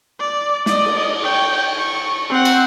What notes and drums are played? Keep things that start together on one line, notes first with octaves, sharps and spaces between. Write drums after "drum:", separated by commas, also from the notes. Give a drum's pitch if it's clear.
D5
D5 D#5, drum: snare
drum: cymbal
C#5 G5
C#6
C4 F#5
drum: cymbal